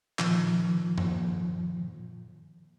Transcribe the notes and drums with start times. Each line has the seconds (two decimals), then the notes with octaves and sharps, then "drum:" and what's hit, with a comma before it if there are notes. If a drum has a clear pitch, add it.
0.19 A#2 D#3 F3, drum: clap
0.98 drum: tom F#2